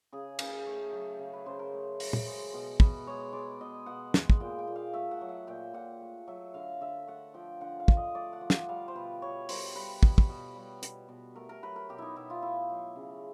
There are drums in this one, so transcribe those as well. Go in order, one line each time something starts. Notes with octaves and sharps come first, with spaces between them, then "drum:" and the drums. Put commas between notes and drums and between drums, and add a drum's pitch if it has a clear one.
C#3 G#4
C#3, drum: cymbal
A3
F#3
C#3
B4
C#3 C5
A#4
A3
F#3, drum: open hi-hat
drum: tom
G#3
B2
B2 B4, drum: kick
G#3 C#5
G#3 D5
B2 D#5
B2 F#5
G#3 F#5, drum: snare
drum: kick
A#2 G5
G5
A#2
F5
A3 E5
F#5
F#3
F#5
A#2 G5
A#2 F#5
A3
F#3 E5
D3 F5
D3 E5
A3 F#5
F3 G5
D3 F#5
F5
D3, drum: kick
D#5
A3 D5
F#5
F3
F#5, drum: snare
G3 F5
C5
B2 B4
B2 C#5
G3 C5, drum: open hi-hat
G3 B4
B2, drum: kick
drum: kick
B2
G3
B2, drum: hi-hat
B2
A3 A#4
A#4
F#3 B4
A#4
B2 G4
D#4 E4
B2 E4
F4
A3 E4
F#3
C#3